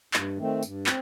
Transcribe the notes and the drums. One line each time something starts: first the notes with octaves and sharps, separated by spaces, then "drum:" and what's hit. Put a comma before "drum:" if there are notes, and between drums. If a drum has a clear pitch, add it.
G2, drum: clap
D#3 A3 C4
G2, drum: tambourine
C4, drum: clap